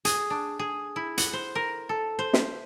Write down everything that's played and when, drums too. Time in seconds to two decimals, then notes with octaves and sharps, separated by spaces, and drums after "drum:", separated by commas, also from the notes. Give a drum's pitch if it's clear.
0.05 G#4, drum: hi-hat
0.30 D4
0.59 G#4
0.96 E4
1.18 F#5, drum: hi-hat
1.33 C5
1.55 A#4
1.89 A4
2.19 C5
2.33 drum: snare